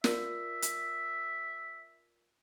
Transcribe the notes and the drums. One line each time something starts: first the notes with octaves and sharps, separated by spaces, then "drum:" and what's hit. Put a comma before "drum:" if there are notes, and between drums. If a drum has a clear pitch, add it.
F4 A#4 D5 E5, drum: snare
drum: hi-hat